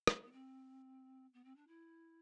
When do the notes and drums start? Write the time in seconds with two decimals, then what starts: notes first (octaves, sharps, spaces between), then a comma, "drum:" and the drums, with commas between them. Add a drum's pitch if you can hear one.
0.07 drum: rim click
0.25 B3
0.32 C4
1.33 B3
1.44 C4
1.56 D4
1.67 E4